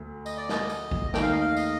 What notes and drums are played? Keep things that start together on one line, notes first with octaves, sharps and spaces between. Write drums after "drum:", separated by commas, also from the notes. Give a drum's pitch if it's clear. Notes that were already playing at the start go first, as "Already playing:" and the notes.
Already playing: D2 A3
D#5, drum: tambourine
D5
D#5, drum: snare
drum: tambourine
drum: kick G#1
D#2 D#3 A3 D#4 A4 G5, drum: snare
F5
D#5
F5
D#5, drum: tambourine